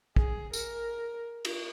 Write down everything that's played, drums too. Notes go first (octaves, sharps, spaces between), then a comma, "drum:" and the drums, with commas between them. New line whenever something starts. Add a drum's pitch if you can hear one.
G#4, drum: kick
A#4, drum: tambourine
drum: cymbal